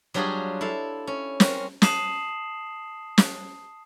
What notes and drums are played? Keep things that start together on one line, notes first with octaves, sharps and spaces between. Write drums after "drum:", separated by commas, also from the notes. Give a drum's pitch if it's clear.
F#3 G3 D4 F4 F#4 G#4
E4 A4 F5
C#4
C4 C#4 A#4, drum: snare
A5 D#6 C7 E7 F#7, drum: snare
drum: snare